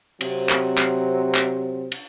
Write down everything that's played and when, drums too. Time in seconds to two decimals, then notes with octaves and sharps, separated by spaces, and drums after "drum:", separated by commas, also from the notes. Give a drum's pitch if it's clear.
0.21 C3 F#3 C4, drum: cymbal
0.49 drum: clap
0.78 drum: clap
1.35 drum: clap
1.92 drum: cymbal